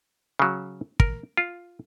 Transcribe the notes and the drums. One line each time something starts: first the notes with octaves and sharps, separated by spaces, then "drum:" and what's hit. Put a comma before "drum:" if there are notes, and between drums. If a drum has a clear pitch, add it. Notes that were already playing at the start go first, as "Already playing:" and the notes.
C#3 F#3
A#4, drum: kick
F4